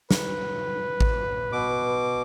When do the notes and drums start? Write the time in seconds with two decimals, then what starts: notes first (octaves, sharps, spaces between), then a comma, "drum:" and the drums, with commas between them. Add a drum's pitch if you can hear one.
0.11 B4, drum: snare
1.01 drum: kick A1
1.52 B2 D6